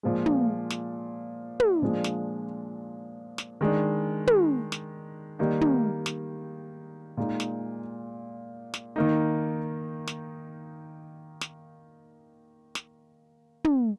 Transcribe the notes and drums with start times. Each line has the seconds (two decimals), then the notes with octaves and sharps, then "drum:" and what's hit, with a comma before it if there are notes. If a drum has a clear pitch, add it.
0.03 A#2 F3 G#3
0.26 drum: tom
0.70 drum: snare
1.60 drum: tom
1.82 A#2 F3 G#3 D4
2.04 drum: snare
3.38 drum: snare
3.61 D#3 G#3 D4
4.27 drum: tom
4.72 drum: snare
5.39 D#3 G3 A#3 D#4
5.61 drum: tom
6.06 drum: snare
7.17 A#2 G#3 D#4
7.40 drum: snare
8.74 drum: snare
8.96 D#3 A#3 D#4
10.07 drum: snare
11.41 drum: snare
12.75 drum: snare
13.64 drum: tom